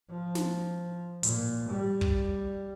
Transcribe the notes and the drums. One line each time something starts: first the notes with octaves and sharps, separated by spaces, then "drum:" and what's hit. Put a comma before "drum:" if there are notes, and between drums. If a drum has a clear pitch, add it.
F3
drum: snare
A#2, drum: hi-hat
G3
drum: kick